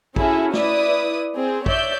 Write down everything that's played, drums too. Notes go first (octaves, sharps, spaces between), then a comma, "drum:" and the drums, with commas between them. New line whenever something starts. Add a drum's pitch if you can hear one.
C#4 E4 F#4 G#4 A4, drum: kick
E4 B4 D5 D#6, drum: snare
C4 G#4
C#5 D5 E5 G6, drum: kick